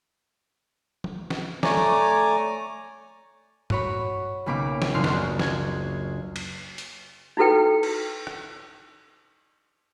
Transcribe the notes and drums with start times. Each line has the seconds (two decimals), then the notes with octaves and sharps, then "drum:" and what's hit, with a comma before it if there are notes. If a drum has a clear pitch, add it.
1.04 drum: tom F3
1.30 drum: snare
1.63 A3 C#5 D5 G#5 A#5 D6, drum: snare
1.77 drum: tom F3
3.70 F#4 C#5 B5, drum: tom G2
4.46 B1 C#3 A#3 B5 D6
4.82 drum: snare
4.94 F#1 C#2 D4 C6 F6
5.04 drum: snare
5.39 G#6, drum: snare
6.36 drum: cymbal
6.78 drum: hi-hat
7.37 D#4 E4 F#4 A4 B4 G5
7.83 drum: cymbal
8.27 drum: rim click